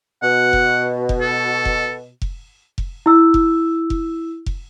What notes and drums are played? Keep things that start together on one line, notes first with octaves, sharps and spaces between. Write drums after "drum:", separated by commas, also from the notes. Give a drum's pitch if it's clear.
B2 F#5
drum: kick F1
drum: kick F1
A4
drum: kick F1
drum: kick F1
drum: kick F1
E4 E6
drum: kick F1
drum: kick F1
drum: kick F1